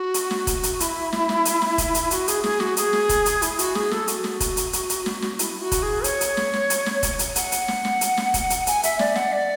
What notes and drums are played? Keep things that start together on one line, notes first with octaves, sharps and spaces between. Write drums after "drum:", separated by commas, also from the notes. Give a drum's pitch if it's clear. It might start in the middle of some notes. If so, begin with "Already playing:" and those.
Already playing: F#4
drum: hi-hat
drum: snare
drum: kick, hi-hat
drum: hi-hat
E4, drum: hi-hat
drum: snare
drum: snare
drum: hi-hat
drum: snare
drum: kick, hi-hat
drum: hi-hat
F#4, drum: hi-hat
G#4, drum: hi-hat
G#4, drum: snare
F#4, drum: snare
G#4, drum: hi-hat
drum: snare
drum: kick, hi-hat
drum: hi-hat
E4, drum: hi-hat
F#4, drum: hi-hat
G#4, drum: snare
A4, drum: snare
F#4, drum: hi-hat
drum: snare
drum: kick, hi-hat
drum: hi-hat
drum: hi-hat
drum: hi-hat
drum: snare
drum: snare
E4, drum: hi-hat
F#4
drum: kick, hi-hat
G#4
C#5, drum: hi-hat
drum: hi-hat
drum: snare
drum: snare
drum: hi-hat
drum: snare
drum: kick, hi-hat
drum: hi-hat
F#5, drum: hi-hat
drum: hi-hat
drum: snare
drum: snare
drum: hi-hat
drum: snare
drum: kick, hi-hat
drum: hi-hat
G#5, drum: hi-hat
E5, drum: hi-hat
D5, drum: snare
F#5, drum: snare
D5